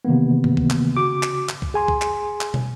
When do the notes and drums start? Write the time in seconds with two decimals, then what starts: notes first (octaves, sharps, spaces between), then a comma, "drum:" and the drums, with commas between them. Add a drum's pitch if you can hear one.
0.05 C3 D#3 E3 A#3 B3
0.44 drum: tom G2
0.57 drum: kick
0.70 drum: clap
0.97 C#3 F#4 D6
1.23 drum: clap
1.49 drum: clap
1.62 drum: kick
1.74 G#4 G#5 C6
1.88 drum: kick
2.01 drum: clap
2.41 drum: clap
2.54 drum: tom